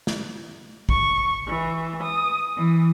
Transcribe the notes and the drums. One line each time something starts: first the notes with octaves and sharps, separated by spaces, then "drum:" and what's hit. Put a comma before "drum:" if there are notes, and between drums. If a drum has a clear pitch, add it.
drum: snare
C#6, drum: kick A#1
E3
D#6
E3